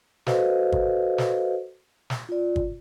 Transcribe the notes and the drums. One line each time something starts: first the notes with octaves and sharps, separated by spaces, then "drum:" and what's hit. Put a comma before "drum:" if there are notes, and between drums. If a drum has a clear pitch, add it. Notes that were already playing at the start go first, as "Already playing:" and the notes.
F#4 A4 B4 C5 D#5 F5, drum: snare
drum: kick G1
drum: snare
drum: snare
F4 D5
drum: kick G1